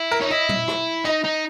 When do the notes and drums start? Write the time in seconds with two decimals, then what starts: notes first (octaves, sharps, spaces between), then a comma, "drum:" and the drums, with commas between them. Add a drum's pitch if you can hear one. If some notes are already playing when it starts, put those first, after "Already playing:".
Already playing: E4
0.11 A#4
0.21 D#4 C#5
0.31 E4 D#5
0.49 drum: tom
0.68 drum: rim click
1.04 D#4 D#5
1.24 D#4